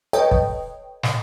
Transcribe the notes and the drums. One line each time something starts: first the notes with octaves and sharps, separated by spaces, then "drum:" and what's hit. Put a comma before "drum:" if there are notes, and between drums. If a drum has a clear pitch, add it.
A4 B4 C#5 D#5 G5
drum: kick
drum: snare